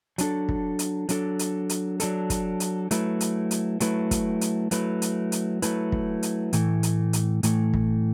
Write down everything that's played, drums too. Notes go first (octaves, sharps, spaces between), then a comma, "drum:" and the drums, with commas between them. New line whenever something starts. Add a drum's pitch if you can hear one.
F#3 D4 A4, drum: hi-hat
drum: kick
drum: hi-hat
F#3 D4 A4, drum: hi-hat
drum: hi-hat
drum: hi-hat
F#3 D4 A4, drum: hi-hat
drum: kick, hi-hat
drum: hi-hat
F#3 A3 E4 B4, drum: hi-hat
drum: hi-hat
drum: hi-hat
F#3 A3 E4 B4, drum: hi-hat
drum: kick, hi-hat
drum: hi-hat
F#3 A3 E4 B4, drum: hi-hat
drum: hi-hat
drum: hi-hat
F#3 A3 E4 B4, drum: hi-hat
drum: kick
drum: hi-hat
A2 E3 A3, drum: hi-hat
drum: hi-hat
drum: hi-hat
A2 E3 A3, drum: hi-hat
drum: kick